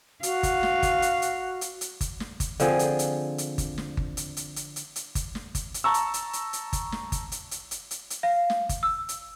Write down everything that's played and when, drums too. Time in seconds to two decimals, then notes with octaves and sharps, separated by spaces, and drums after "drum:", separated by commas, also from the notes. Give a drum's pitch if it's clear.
0.23 F#4 F5, drum: hi-hat
0.43 drum: kick G1, hi-hat
0.63 drum: snare
0.83 drum: kick G1, hi-hat
1.02 drum: hi-hat
1.22 drum: hi-hat
1.61 drum: hi-hat
1.81 drum: hi-hat
2.01 drum: kick G1, hi-hat
2.20 drum: snare
2.40 drum: kick G1, hi-hat
2.60 D3 F3 C4 G#4, drum: hi-hat
2.79 drum: hi-hat
2.99 drum: hi-hat
3.38 drum: hi-hat
3.58 drum: kick G1, hi-hat
3.78 drum: snare
3.97 drum: kick G1
4.17 drum: hi-hat
4.37 drum: hi-hat
4.56 drum: hi-hat
4.76 drum: hi-hat
4.96 drum: hi-hat
5.15 drum: kick G1, hi-hat
5.35 drum: snare
5.55 drum: kick G1, hi-hat
5.74 drum: hi-hat
5.84 A5 A#5 C#6 E6
5.94 drum: hi-hat
6.14 drum: hi-hat
6.33 drum: hi-hat
6.53 drum: hi-hat
6.73 drum: kick G1, hi-hat
6.92 drum: snare
7.12 drum: kick G1, hi-hat
7.32 drum: hi-hat
7.51 drum: hi-hat
7.71 drum: hi-hat
7.91 drum: hi-hat
8.10 drum: hi-hat
8.23 F5
8.50 drum: snare
8.69 drum: kick G1, hi-hat
8.83 E6
9.09 drum: hi-hat